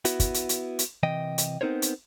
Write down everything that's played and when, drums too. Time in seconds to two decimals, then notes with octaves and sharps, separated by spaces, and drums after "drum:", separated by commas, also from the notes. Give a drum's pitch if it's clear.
0.05 B3 E4 F#4, drum: hi-hat
0.20 drum: kick, hi-hat
0.34 drum: hi-hat
0.49 drum: hi-hat
0.79 drum: hi-hat
1.03 C3 E3 D#5 G5
1.38 drum: hi-hat
1.61 B3 C4 D#4 A#4 C5 C#5
1.82 drum: hi-hat